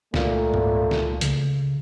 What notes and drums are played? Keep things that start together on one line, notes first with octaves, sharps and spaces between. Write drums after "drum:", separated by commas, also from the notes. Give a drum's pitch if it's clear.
C#2 A#2 A3, drum: snare
drum: tom G#2
drum: snare
C#3, drum: hi-hat